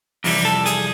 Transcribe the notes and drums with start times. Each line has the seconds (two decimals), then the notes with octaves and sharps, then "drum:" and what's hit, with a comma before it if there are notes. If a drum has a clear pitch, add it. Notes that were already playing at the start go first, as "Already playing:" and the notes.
0.24 F2 C3 E3 G3, drum: open hi-hat
0.45 A4
0.66 G#4, drum: hi-hat